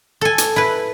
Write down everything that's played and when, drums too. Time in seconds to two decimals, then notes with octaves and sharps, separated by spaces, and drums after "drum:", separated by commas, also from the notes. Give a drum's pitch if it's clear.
0.21 A4 G#5
0.38 drum: hi-hat
0.56 E4 B4